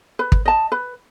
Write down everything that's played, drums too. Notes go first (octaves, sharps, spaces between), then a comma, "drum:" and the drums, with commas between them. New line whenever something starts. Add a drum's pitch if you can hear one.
B4
drum: kick
D#5 A5
B4